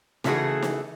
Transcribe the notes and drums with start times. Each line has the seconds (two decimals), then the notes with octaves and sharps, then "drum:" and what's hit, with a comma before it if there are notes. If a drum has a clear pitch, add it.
0.24 C#3 E3 A3 E4 F#4 G#4, drum: snare
0.62 drum: snare